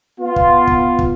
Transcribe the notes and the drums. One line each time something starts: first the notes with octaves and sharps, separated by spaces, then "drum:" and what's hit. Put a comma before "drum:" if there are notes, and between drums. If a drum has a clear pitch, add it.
B3 F4
drum: kick
drum: kick
drum: kick